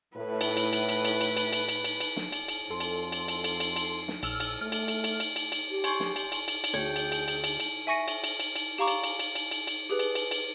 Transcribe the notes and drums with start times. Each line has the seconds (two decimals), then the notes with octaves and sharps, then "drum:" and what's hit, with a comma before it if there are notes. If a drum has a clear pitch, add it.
0.17 A2 B4
0.41 drum: cymbal
0.57 drum: cymbal
0.73 drum: cymbal
0.89 drum: cymbal
1.05 drum: cymbal
1.21 drum: cymbal
1.37 drum: cymbal
1.53 drum: cymbal
1.69 drum: cymbal
1.85 drum: cymbal
2.00 drum: cymbal
2.16 drum: snare
2.32 drum: cymbal
2.48 drum: cymbal
2.70 F2 A4 C6
2.80 drum: cymbal
3.12 drum: cymbal
3.28 drum: cymbal
3.44 drum: cymbal
3.60 drum: cymbal
3.76 drum: cymbal
4.08 drum: snare
4.23 A#1 E6 F6, drum: cymbal
4.40 drum: cymbal
4.61 A3 F6
4.72 drum: cymbal
4.88 drum: cymbal
5.04 drum: cymbal
5.20 drum: cymbal
5.36 drum: cymbal
5.52 drum: cymbal
5.71 G4
5.84 C5 G#5 C#6, drum: cymbal
6.00 drum: snare
6.16 drum: cymbal
6.32 drum: cymbal
6.48 drum: cymbal
6.64 drum: cymbal
6.74 D2 G#4 C#5 G5
6.96 drum: cymbal
7.12 drum: cymbal
7.28 drum: cymbal
7.44 drum: cymbal
7.60 drum: cymbal
7.87 E5 G#5 C#6 A#6 C#7 D#7
8.08 drum: cymbal
8.24 drum: cymbal
8.40 drum: cymbal
8.56 drum: cymbal
8.78 G4 F5 A#5 C#6 D6
8.88 drum: cymbal
9.03 drum: cymbal
9.19 drum: cymbal
9.35 drum: cymbal
9.51 drum: cymbal
9.67 drum: cymbal
9.89 G4 G#4 B4
9.99 drum: cymbal
10.15 drum: cymbal
10.31 drum: cymbal